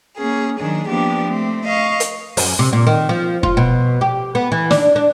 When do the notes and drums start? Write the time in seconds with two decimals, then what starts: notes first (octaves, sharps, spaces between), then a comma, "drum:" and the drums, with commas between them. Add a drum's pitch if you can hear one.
0.17 A#3 C#4 G#4
0.58 D#3 F#3 D4 G#4
0.89 F3 A#3 B3 D4 G4
1.28 A3 C4
1.65 D#5 F5 C#6
2.00 drum: hi-hat
2.37 F#2, drum: open hi-hat
2.59 C3
2.73 A#2
2.87 D#3
3.09 F3
3.43 F4, drum: kick
3.57 B2
4.01 G4
4.35 B3
4.52 E3
4.71 D4, drum: snare
4.96 D4